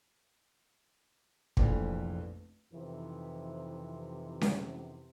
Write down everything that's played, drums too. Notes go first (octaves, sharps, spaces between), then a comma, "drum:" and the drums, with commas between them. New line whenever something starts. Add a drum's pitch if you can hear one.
F1 A#1 F2 E3, drum: kick
F2 C3 D#3 E3
drum: snare C#4